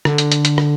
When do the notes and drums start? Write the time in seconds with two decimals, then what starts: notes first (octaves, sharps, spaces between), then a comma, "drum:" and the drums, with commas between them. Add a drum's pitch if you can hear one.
0.05 D3, drum: rim click
0.18 drum: hi-hat
0.32 drum: hi-hat
0.45 drum: hi-hat
0.58 drum: rim click